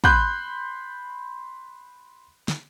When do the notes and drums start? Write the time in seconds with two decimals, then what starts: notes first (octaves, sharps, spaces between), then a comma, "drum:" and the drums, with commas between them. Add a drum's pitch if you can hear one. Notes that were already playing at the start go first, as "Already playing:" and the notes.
0.04 B5 C6 F#6 G6, drum: kick
2.48 drum: snare